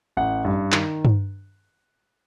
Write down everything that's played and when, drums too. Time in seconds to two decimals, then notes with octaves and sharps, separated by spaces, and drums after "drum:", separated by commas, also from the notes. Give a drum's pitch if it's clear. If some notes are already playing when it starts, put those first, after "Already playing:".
0.17 A1 F#5
0.45 G2
0.72 D#3, drum: clap
1.05 drum: tom G2